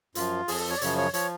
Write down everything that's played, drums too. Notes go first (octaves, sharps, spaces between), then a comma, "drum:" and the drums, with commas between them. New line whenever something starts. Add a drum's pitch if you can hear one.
F#2 F3 F4, drum: hi-hat
F2 F3 G#4, drum: open hi-hat
A4
C#5
D5
F#2 C#3 F3 C#5, drum: hi-hat
C#5
F3 C#5, drum: hi-hat